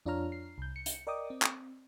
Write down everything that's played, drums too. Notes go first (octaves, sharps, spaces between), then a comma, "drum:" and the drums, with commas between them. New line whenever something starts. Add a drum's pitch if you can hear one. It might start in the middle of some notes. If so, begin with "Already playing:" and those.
F2 D4 F4 C#5 A#5 F6
C7
C2 G6
C#7
drum: hi-hat
A#4 D5 D#5 G5 D6 D#6
C4
drum: clap